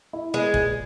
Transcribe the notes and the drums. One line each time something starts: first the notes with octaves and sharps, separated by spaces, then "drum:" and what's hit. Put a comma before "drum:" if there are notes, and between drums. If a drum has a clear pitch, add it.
E4
G#3 B3
A#2, drum: kick F1